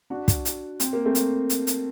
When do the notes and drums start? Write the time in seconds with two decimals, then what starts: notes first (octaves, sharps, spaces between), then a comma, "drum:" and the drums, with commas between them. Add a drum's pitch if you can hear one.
0.10 D4 F#4
0.28 drum: kick, hi-hat
0.45 drum: hi-hat
0.80 C4, drum: hi-hat
0.93 A#3
1.05 A3 C4
1.15 drum: hi-hat
1.50 drum: hi-hat
1.67 drum: hi-hat